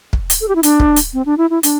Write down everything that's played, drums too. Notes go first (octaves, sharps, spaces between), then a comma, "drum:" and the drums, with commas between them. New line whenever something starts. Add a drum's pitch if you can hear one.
drum: kick
drum: hi-hat
A4
G4
E4
D4, drum: hi-hat
drum: kick
drum: hi-hat
C4
D4
E4
E4
D4, drum: hi-hat